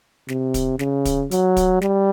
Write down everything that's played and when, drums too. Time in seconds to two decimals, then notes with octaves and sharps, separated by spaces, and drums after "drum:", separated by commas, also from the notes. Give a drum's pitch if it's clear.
0.28 C3, drum: snare
0.54 drum: kick, hi-hat
0.79 C#3, drum: snare
1.05 drum: kick, hi-hat
1.31 F#3, drum: hi-hat
1.57 drum: kick, hi-hat
1.82 G3, drum: snare